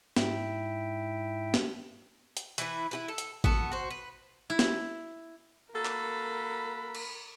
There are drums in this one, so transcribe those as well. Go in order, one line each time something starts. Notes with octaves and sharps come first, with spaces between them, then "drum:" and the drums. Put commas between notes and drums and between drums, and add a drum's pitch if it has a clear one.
G#2 E4 E5 G5, drum: snare
drum: snare
drum: hi-hat
E3 E4 B4, drum: hi-hat
E4 G4 B4
A4
drum: hi-hat
B3 F#4 A4, drum: kick G#1
F#4 C5
B4
E4
drum: snare
A#3 F#4 A4 A#4 B5
drum: clap
drum: cymbal